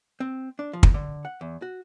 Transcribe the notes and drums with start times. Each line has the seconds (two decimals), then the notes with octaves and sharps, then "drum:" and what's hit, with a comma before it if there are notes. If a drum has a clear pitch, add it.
0.20 C4
0.59 D4
0.73 F3
0.83 drum: kick
0.94 D3
1.25 F#5
1.41 E2
1.62 F#4